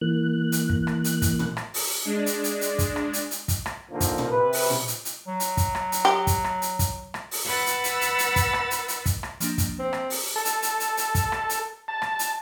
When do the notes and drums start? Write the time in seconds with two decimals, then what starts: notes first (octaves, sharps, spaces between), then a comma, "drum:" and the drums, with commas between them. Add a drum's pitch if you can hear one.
0.01 E3 A#3 F#6
0.52 drum: hi-hat
0.70 drum: kick
0.87 drum: rim click
1.04 drum: hi-hat
1.22 drum: kick, hi-hat
1.39 drum: tom
1.57 drum: rim click
1.74 drum: open hi-hat
2.05 G#3 D4
2.26 drum: hi-hat
2.44 drum: hi-hat
2.61 drum: hi-hat
2.79 drum: kick, hi-hat
2.96 drum: rim click
3.13 drum: hi-hat
3.31 drum: hi-hat
3.48 drum: kick, hi-hat
3.66 drum: rim click
3.91 A#2 D3 D#3 F3 A#3
4.00 drum: kick, hi-hat
4.18 drum: tom
4.31 C3 B4
4.53 drum: open hi-hat
4.70 drum: tom
4.88 drum: hi-hat
5.05 drum: hi-hat
5.28 F#3
5.40 drum: hi-hat
5.57 drum: kick, hi-hat
5.75 drum: rim click
5.92 drum: hi-hat
6.05 G4
6.27 drum: kick, hi-hat
6.44 drum: rim click
6.62 drum: hi-hat
6.79 drum: kick, hi-hat
7.14 drum: rim click
7.31 drum: open hi-hat
7.45 B4 F#5 B5 E6 A6
7.66 drum: hi-hat
7.84 drum: hi-hat
8.01 drum: hi-hat
8.18 drum: hi-hat
8.36 drum: kick, hi-hat
8.53 drum: rim click
8.71 drum: hi-hat
8.88 drum: hi-hat
9.06 drum: kick, hi-hat
9.23 drum: rim click
9.40 F3 A#3 D4, drum: hi-hat
9.58 drum: kick, hi-hat
9.79 C4
9.93 drum: rim click
10.10 drum: open hi-hat
10.36 A4
10.45 drum: hi-hat
10.62 drum: hi-hat
10.80 drum: hi-hat
10.97 drum: hi-hat
11.15 drum: kick, hi-hat
11.32 drum: rim click
11.49 drum: hi-hat
11.88 A5
12.02 drum: rim click
12.19 drum: hi-hat